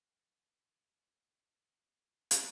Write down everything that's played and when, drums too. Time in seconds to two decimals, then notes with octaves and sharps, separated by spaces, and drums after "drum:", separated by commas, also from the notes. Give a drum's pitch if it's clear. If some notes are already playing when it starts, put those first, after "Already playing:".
Already playing: C3 G3 C4 E4
0.15 C3 G3 C4 E4
0.48 C3 G3 C4 E4
0.79 C3 G3 C4 E4
1.11 G3 C4 G4 C5
1.42 G3 C4 G4 C5
1.73 G3 C4 G4 C5
2.05 G3 C4 G4 C5
2.31 drum: hi-hat